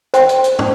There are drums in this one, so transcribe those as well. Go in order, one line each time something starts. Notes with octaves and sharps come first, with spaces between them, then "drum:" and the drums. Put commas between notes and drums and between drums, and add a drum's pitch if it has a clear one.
C5 G5 C6, drum: hi-hat
drum: hi-hat
drum: hi-hat
drum: tom